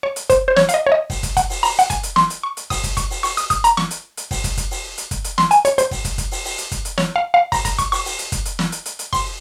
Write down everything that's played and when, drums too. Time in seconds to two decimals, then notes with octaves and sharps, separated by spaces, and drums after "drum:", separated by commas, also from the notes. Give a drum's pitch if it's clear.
0.03 C#5
0.16 drum: hi-hat
0.30 C5, drum: kick, hi-hat
0.48 C5
0.56 C#5, drum: snare
0.69 F5, drum: hi-hat
0.74 D#5
0.87 C#5
0.92 D#5
1.10 drum: kick, open hi-hat
1.23 drum: kick, hi-hat
1.37 F#5, drum: kick, hi-hat
1.50 drum: open hi-hat
1.63 A#5, drum: open hi-hat
1.79 F#5, drum: hi-hat
1.90 G#5, drum: kick, hi-hat
2.03 drum: hi-hat
2.16 C6, drum: snare
2.30 drum: hi-hat
2.43 C#6
2.57 drum: hi-hat
2.70 D#6, drum: kick, open hi-hat
2.84 drum: kick, hi-hat
2.97 C#6, drum: kick, hi-hat
3.10 drum: open hi-hat
3.23 C#6, drum: open hi-hat
3.37 D#6, drum: hi-hat
3.50 D#6, drum: kick, hi-hat
3.64 A#5, drum: hi-hat
3.77 C#6, drum: snare
3.91 drum: hi-hat
4.17 drum: hi-hat
4.31 drum: kick, open hi-hat
4.44 drum: kick, hi-hat
4.57 drum: kick, hi-hat
4.71 drum: open hi-hat
4.98 drum: hi-hat
5.11 drum: kick, hi-hat
5.24 drum: hi-hat
5.38 C6, drum: snare
5.51 G#5, drum: hi-hat
5.65 C#5, drum: hi-hat
5.78 C5, drum: hi-hat
5.91 drum: kick, open hi-hat
6.05 drum: kick, hi-hat
6.18 drum: kick, hi-hat
6.31 drum: open hi-hat
6.45 drum: open hi-hat
6.58 drum: hi-hat
6.71 drum: kick, hi-hat
6.85 drum: hi-hat
6.98 C#5, drum: snare
7.16 F5
7.34 F5
7.52 A#5, drum: kick, open hi-hat
7.65 A#5, drum: kick, hi-hat
7.79 C#6, drum: kick, hi-hat
7.92 C#6, drum: open hi-hat
8.05 drum: open hi-hat
8.19 drum: hi-hat
8.32 drum: kick, hi-hat
8.45 drum: hi-hat
8.59 drum: snare
8.72 drum: hi-hat
8.86 drum: hi-hat
8.99 drum: hi-hat
9.13 C6, drum: kick, open hi-hat